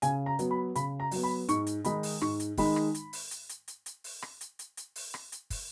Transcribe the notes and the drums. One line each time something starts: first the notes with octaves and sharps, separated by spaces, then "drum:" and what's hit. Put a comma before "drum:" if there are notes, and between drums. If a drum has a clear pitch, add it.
C#3 G#5, drum: hi-hat
A#5
F#3 B3, drum: hi-hat
B5
C#3 B5, drum: hi-hat
A#5
F#3 B3, drum: open hi-hat
B5
G#2 C#6, drum: hi-hat
drum: hi-hat
D#3 G#3 D#4 B5, drum: hi-hat
drum: open hi-hat
G#2 C#6, drum: rim click
drum: hi-hat
D#3 G#3 D#4 B5, drum: kick, open hi-hat
drum: rim click
drum: hi-hat
drum: open hi-hat
drum: hi-hat
drum: hi-hat
drum: hi-hat
drum: hi-hat
drum: open hi-hat
drum: rim click
drum: hi-hat
drum: hi-hat
drum: hi-hat
drum: open hi-hat
drum: rim click
drum: hi-hat
drum: kick, open hi-hat